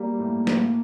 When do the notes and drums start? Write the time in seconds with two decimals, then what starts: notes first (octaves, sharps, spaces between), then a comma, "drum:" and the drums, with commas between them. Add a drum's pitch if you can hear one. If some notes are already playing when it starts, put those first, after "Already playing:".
Already playing: G3 A#3
0.19 A2
0.47 A2, drum: snare